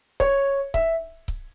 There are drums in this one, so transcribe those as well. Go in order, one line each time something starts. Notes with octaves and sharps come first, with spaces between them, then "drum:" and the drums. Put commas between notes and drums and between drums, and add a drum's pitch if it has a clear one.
C#5, drum: kick C#1
E5, drum: kick C#1
drum: kick C#1